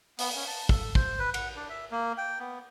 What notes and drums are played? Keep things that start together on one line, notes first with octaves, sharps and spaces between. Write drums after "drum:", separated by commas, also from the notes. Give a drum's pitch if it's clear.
B3, drum: open hi-hat
C#4
A5
A4, drum: kick
C5, drum: kick
B4
F#5, drum: cymbal
D4
E5
A#3
G5
B3